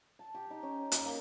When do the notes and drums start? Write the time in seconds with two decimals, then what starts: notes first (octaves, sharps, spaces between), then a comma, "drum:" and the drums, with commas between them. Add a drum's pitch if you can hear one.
0.19 A5
0.35 G4
0.51 D#4
0.63 C#4
0.92 drum: hi-hat
1.05 A#3